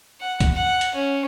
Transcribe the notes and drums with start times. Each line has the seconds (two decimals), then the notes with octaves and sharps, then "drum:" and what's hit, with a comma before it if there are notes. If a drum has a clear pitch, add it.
0.20 F#5
0.40 drum: kick, hi-hat
0.55 F#5
0.81 drum: hi-hat
0.95 C#4